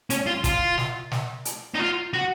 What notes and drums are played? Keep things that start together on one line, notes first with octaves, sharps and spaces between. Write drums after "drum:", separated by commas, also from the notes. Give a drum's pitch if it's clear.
C#4, drum: hi-hat
F4
F4, drum: kick, hi-hat
drum: snare
drum: snare
drum: hi-hat
D#4
F4
F#4